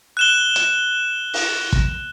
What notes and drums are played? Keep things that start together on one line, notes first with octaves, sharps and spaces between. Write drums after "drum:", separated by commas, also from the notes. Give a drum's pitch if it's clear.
F#6 E7 G7
drum: hi-hat
drum: open hi-hat
drum: kick